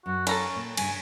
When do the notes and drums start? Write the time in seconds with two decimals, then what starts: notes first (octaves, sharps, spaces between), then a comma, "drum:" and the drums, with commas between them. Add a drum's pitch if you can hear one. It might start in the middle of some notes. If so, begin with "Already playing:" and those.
0.06 F#2 F#4
0.27 C#4 A4 A#5 B5, drum: cymbal
0.56 A#2
0.77 G2 C#3 G#5, drum: cymbal